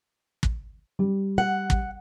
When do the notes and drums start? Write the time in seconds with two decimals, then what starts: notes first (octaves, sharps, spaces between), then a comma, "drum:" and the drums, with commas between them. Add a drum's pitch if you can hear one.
0.43 drum: kick
0.99 G3
1.38 F#5
1.70 drum: kick